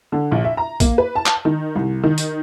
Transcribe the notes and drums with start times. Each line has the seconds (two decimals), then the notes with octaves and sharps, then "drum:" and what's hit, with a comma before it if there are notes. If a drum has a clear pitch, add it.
0.12 D3
0.32 A#1
0.44 E5
0.57 A#5
0.80 A#3, drum: kick A#1, hi-hat
0.98 B4
1.15 A5
1.26 drum: clap
1.45 D#3
1.76 C2
2.03 D#3
2.18 drum: hi-hat